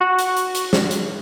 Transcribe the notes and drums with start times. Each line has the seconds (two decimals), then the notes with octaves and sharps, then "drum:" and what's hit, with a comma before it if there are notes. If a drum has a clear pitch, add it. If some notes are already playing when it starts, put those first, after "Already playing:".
0.01 F#4
0.19 drum: hi-hat
0.37 drum: hi-hat
0.55 drum: hi-hat
0.73 drum: snare
0.91 drum: hi-hat